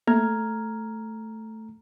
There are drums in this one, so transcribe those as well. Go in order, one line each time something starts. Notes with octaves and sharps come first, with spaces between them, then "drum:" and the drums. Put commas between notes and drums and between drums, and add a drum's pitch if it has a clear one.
A3 A#5 F6 G#6, drum: tom A#3